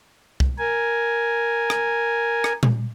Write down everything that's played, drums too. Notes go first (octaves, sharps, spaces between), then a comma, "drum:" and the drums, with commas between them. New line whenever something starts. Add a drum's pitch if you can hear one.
drum: kick
A#4 G#5
drum: rim click
drum: rim click
drum: tom A#2